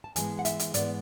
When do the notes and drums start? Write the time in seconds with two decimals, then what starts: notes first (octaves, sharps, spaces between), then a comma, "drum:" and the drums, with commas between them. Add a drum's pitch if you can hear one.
0.04 A5
0.16 G#2 E3 G#3 B3 G#5, drum: hi-hat
0.39 F#5
0.45 E5, drum: hi-hat
0.59 drum: hi-hat
0.74 G#2 E3 G#3 B3 D5, drum: hi-hat